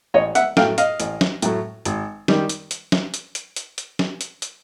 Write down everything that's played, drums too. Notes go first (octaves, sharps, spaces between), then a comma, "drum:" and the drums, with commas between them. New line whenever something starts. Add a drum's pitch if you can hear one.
A1 C#5 D#5
E5 F#5, drum: hi-hat
A2 F#3 A3 F5 G5, drum: snare
D#5 F5, drum: hi-hat
A1, drum: hi-hat
drum: snare
A2 F#3 A3, drum: hi-hat
G#1, drum: hi-hat
D#3 G3, drum: snare
drum: hi-hat
drum: hi-hat
drum: snare
drum: hi-hat
drum: hi-hat
drum: hi-hat
drum: hi-hat
drum: snare
drum: hi-hat
drum: hi-hat